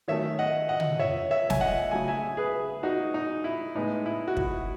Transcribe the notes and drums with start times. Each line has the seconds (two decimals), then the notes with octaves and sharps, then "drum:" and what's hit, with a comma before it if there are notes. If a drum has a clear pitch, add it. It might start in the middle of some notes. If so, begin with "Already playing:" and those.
0.08 D#3 F#3 A3 C#4 C#5 E5
0.39 D#5 F#5
0.69 D#5 F#5
0.80 drum: tom
0.99 C#5 E5
1.31 C#5 E5
1.50 G#5, drum: snare
1.61 D#5 F#5
1.91 C#3 F#3 A3 G#5
2.08 E5 G#5
2.37 G#4 B4
2.83 D#4 F#4
3.14 D#4
3.44 E4
3.75 A2 G#3 B3 D#4
4.06 E4
4.28 F#4
4.37 E4, drum: kick